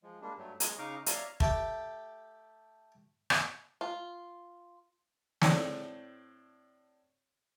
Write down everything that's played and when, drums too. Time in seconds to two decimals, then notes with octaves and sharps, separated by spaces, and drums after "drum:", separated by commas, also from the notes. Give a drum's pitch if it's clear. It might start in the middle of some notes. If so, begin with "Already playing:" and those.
0.03 F3 G#3
0.21 G3 G#3 A#3 D4
0.38 G2 F#3 A3
0.60 G#3 C#5 D#5, drum: hi-hat
0.78 C#3 D#4 D#5 F5 C#6 D6
1.06 C#5 D5 E5 F5 A#5 C#6, drum: hi-hat
1.40 A3 G4 G5, drum: kick
3.30 drum: rim click
3.81 F4
5.42 A2 A3 C4 D4 A5, drum: snare